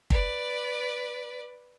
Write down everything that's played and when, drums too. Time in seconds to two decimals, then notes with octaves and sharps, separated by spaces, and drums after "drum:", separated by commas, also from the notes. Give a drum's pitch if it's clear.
0.10 B4 D5, drum: kick